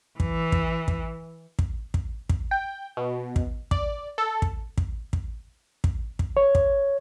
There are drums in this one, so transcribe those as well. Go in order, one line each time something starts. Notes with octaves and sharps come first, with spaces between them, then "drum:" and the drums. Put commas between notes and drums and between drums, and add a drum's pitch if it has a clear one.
E3, drum: kick
drum: kick
drum: kick
drum: kick
drum: kick
drum: kick
G5
B2
drum: kick
D5, drum: kick
A4
drum: kick
drum: kick
drum: kick
drum: kick
drum: kick
C#5
drum: kick